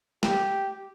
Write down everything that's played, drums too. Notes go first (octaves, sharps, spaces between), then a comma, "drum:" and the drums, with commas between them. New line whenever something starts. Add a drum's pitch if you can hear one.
G4, drum: snare